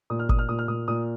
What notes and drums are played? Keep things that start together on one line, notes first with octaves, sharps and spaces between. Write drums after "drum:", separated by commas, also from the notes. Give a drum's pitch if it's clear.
A#2 D#6
F6
A#2 D#6, drum: kick G1
F6
A#2 D#6
F6
A#2 D#6
A#2 D#6